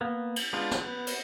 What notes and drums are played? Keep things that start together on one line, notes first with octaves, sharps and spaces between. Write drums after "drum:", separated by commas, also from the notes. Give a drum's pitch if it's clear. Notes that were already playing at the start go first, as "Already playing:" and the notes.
A#3 B3
drum: cymbal
G#3 B3 D4 F4
drum: snare
B3
drum: cymbal